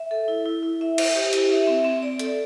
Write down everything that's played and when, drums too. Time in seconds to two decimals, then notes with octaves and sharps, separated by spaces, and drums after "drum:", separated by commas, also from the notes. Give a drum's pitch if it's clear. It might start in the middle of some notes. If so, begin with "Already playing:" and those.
Already playing: E5
0.11 A4
0.28 E4
0.45 E4
0.63 E4
0.81 E5
0.98 C5, drum: cymbal
1.15 G4
1.33 E4, drum: hi-hat
1.50 E5
1.67 C4
1.84 C4
2.03 D5
2.19 A4, drum: hi-hat